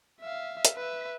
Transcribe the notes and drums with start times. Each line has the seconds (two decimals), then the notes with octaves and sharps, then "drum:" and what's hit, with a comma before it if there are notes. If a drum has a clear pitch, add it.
0.21 E5 F5
0.65 drum: hi-hat
0.76 B4 E5